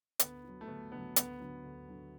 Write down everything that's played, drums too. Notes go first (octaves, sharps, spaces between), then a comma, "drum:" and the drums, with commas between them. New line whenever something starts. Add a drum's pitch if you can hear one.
D2 B3, drum: hi-hat
D3 F#3
A3
D2 B3
D3 F#3 B3
D2 B3, drum: hi-hat
D3 F#3
D2
D3 F#3